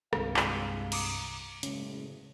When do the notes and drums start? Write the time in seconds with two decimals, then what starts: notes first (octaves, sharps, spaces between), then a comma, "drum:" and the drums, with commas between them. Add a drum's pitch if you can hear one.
0.13 C2 G2 C3 D#3 G#3 A#3 F5, drum: rim click
0.36 drum: clap
0.92 A#5 D6 D#6, drum: cymbal
1.63 F#1 E2 A2 C#3 G#3 C#4, drum: hi-hat